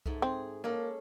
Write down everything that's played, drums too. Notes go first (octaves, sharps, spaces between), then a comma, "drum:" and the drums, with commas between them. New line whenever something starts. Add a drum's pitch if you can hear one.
G#2 A3, drum: kick C2
C4 G#4
G#3 A#3 C#4 A4